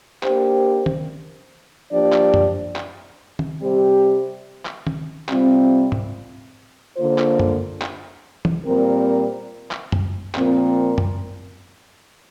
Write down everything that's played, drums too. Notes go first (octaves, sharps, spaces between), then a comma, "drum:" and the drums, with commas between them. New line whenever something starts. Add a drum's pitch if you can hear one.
A#3 D4 G4 C5, drum: clap
drum: tom
F3 A#3 D4 G4 D5
drum: clap
drum: tom
drum: clap
drum: tom
C3 G3 C4 G4
drum: clap
drum: tom
C3 G3 C4 F4, drum: clap
drum: tom G#2
D3 A#3 F4 C5
drum: clap
drum: tom
drum: clap
drum: tom
A#2 G3 C4 A#4
drum: clap
drum: tom
A#2 F3 C4 A#4, drum: clap
drum: tom